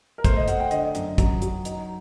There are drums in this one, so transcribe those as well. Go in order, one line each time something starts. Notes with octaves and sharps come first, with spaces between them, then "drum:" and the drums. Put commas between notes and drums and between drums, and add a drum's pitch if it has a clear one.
A#4
A3 C5, drum: kick, hi-hat
D#5
A3 F#5, drum: hi-hat
G5
D3 D#5, drum: hi-hat
F#2, drum: hi-hat
F#3, drum: kick, hi-hat
F#3, drum: hi-hat
D#4, drum: hi-hat